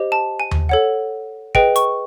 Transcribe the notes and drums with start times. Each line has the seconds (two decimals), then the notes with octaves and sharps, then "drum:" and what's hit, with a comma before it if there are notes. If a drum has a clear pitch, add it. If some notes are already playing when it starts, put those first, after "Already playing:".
Already playing: G4 C5 D#5
0.12 A5
0.40 G#5
0.51 drum: tom D#2
0.69 A4 C#5 F#5
1.55 G#4 B4 D#5 G5, drum: kick
1.76 C#6, drum: hi-hat